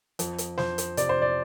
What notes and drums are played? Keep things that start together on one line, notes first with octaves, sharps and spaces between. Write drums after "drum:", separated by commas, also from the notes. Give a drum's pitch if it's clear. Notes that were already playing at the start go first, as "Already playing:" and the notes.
F2, drum: hi-hat
drum: hi-hat
F2 C5, drum: snare
drum: hi-hat
C3 D5, drum: hi-hat
C5
D5